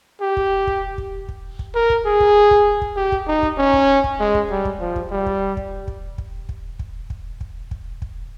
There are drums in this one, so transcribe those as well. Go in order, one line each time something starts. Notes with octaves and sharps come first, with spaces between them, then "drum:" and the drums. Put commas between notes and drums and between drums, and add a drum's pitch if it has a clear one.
G4
drum: kick
drum: kick
drum: kick
drum: kick
drum: kick
A#4
drum: kick
G#4
drum: kick
drum: kick
drum: kick
G4
drum: kick
D#4
drum: kick
C#4
drum: kick
drum: kick
G#3
drum: kick
G3
drum: kick
F3
drum: kick
G3
drum: kick
drum: kick
drum: kick
drum: kick
drum: kick
drum: kick
drum: kick
drum: kick
drum: kick
drum: kick